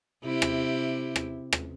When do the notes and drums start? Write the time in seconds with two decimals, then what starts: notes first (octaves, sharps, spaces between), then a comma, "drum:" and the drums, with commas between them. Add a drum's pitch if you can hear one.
0.23 C3 E4 G4
0.42 drum: rim click
1.16 drum: rim click
1.53 drum: rim click